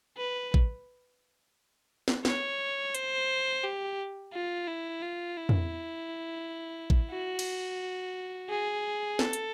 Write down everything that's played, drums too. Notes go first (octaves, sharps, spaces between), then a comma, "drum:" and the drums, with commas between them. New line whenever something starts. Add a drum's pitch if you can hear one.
B4
drum: kick A1
drum: snare
C#5, drum: snare
C5, drum: hi-hat
G4
F4
E4
F4
E4
drum: tom
drum: kick A1
F#4
drum: cymbal
G#4
A4, drum: snare
drum: hi-hat